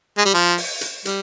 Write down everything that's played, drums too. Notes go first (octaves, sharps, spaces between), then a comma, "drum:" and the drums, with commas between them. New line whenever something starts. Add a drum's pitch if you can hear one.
G#3
G3
F3
drum: open hi-hat
drum: hi-hat
G3, drum: hi-hat